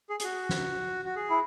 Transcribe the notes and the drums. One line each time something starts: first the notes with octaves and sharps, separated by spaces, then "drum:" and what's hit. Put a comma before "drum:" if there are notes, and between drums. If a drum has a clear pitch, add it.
G#4
G#4, drum: hi-hat
F#4
drum: snare
F#4
G#4
E4